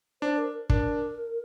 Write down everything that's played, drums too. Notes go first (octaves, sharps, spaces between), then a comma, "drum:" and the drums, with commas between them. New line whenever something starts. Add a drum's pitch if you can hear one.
D4 C5
A#4
D4 A#4, drum: kick